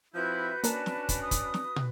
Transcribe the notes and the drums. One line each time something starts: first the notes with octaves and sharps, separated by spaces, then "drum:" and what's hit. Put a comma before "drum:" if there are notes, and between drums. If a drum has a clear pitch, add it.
F3 C4 E4 F#4 B4 G6
A#3 C#4 D4 A#4 A5, drum: hi-hat
drum: snare
drum: kick, hi-hat
D#6
drum: kick, hi-hat
drum: snare
drum: tom